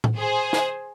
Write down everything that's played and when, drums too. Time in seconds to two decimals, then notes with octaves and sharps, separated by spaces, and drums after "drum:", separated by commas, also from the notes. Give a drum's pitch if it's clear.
0.04 drum: tom A2
0.17 G#4 C5
0.53 drum: snare